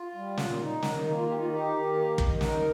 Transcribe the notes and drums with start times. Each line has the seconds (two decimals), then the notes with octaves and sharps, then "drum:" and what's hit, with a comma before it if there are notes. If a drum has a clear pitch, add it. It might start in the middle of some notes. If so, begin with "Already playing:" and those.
Already playing: F4
0.15 G3
0.37 A#2, drum: snare
0.60 D#4
0.82 D#3, drum: snare
1.04 A#3 D#4
1.17 F4
1.27 D#3 G4
1.39 F4
1.50 D#4 G4
1.73 D#3
1.95 A#3
2.18 D#3, drum: kick
2.41 D#4 A#4, drum: snare